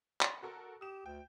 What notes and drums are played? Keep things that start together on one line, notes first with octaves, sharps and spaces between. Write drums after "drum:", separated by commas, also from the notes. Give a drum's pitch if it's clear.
B5, drum: clap
F#4 A4 A#4
G4 D#6 E7
D2 G5